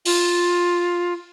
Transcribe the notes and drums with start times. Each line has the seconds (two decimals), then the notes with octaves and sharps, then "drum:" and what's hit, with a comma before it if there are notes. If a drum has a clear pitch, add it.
0.05 F4, drum: open hi-hat